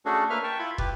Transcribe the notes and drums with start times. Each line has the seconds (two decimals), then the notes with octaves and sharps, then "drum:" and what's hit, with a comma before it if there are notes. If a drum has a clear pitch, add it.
0.06 A3 C#4 D4 F#4 G#4 A4
0.30 A#3 B4 E5 F6
0.44 G5 A5 C#6
0.59 E4 F4 B5
0.78 G4 B4, drum: kick